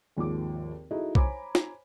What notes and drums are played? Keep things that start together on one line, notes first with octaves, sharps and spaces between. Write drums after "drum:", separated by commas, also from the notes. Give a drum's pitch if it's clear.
G#1 D#2 F3 G#4 D6
D#4 E4 F#4 G#4 A4 D#5
C5 C#5 G#5 A#5 B5 D6, drum: kick B1
drum: snare